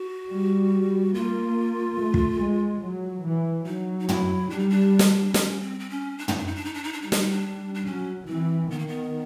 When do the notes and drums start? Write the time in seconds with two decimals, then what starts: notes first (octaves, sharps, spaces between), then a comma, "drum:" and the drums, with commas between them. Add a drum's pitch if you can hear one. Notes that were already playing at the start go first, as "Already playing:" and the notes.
Already playing: F#4
0.29 G3
1.13 A#3 F4
1.98 A3
2.14 drum: kick
2.40 G#3
2.82 F#3
3.24 E3
3.66 F#3 D#4
3.99 D#4
4.09 E4, drum: tom
4.50 G3 D4
4.59 D#4
4.70 D4
4.99 drum: snare
5.34 C#4, drum: snare
5.61 C4
5.80 C4
5.90 C#4
6.18 D4
6.28 D#4, drum: tom
6.37 D4
6.46 D#4
6.55 D4
6.65 D#4
6.74 D4
6.84 D#4
6.93 D4
7.02 G3 D#4
7.12 D4, drum: snare
7.21 D#4
7.31 D4
7.75 D4
7.86 F#3 C#4
8.28 E3 C4
8.70 D#3 B3
8.79 A#3
8.87 B3